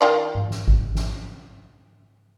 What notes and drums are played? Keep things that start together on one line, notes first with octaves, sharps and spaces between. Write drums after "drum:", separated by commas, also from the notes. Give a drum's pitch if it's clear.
D#3 F4 D5
drum: tom G#2
drum: snare
drum: kick G#1
drum: snare